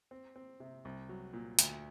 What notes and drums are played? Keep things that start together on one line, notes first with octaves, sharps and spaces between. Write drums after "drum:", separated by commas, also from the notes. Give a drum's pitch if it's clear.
C4
C4
C3
C2
F#3
A#2
D2, drum: hi-hat